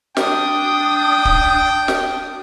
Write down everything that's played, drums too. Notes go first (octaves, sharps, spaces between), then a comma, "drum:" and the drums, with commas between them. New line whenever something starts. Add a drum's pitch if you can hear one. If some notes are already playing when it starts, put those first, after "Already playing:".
D4 G5 D#6, drum: snare
drum: kick D1
drum: snare